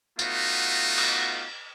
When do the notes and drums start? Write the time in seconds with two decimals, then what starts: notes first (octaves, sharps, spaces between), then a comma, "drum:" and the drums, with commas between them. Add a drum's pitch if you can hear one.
0.19 A3 B3 D#4 F4 F#4, drum: tambourine
0.98 drum: cymbal